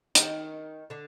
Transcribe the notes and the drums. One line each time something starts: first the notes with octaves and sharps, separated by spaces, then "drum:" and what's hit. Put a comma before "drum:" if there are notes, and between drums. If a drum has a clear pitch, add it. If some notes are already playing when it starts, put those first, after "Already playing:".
D#3 D#4, drum: hi-hat
D3 D4